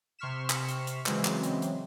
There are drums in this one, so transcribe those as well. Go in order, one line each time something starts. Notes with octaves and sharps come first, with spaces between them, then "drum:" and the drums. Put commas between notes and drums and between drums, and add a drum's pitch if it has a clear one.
C3 C6 C#6 F6 B6 E7
drum: clap
drum: hi-hat
drum: hi-hat
C#3 E3 F#3 G#3 C4, drum: clap
drum: clap
drum: hi-hat
drum: hi-hat